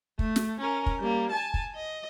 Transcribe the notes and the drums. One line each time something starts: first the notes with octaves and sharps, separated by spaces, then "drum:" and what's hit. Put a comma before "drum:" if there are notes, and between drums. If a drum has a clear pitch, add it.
A3, drum: kick
drum: snare
C#4 A#4
drum: kick
G3 A#3
G#5 A5
drum: kick
D#5